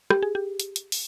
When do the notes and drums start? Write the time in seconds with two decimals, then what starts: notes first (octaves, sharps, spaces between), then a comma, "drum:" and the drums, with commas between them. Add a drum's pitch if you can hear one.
0.10 G4, drum: rim click
0.23 G#4
0.35 G4
0.60 drum: hi-hat
0.76 drum: hi-hat
0.92 drum: open hi-hat